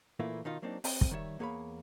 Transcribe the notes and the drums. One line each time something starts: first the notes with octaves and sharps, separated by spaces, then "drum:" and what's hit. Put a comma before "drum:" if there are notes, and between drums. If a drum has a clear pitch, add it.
A#2 E3 A3 A#3 E4 F4
B2 D#3 D#4 F4
F#3 A#3 C4 D4 D#4
C4, drum: open hi-hat
drum: kick
D#3 G3 C#5 E5
E2 A#3 G#4 C#5 F5 B5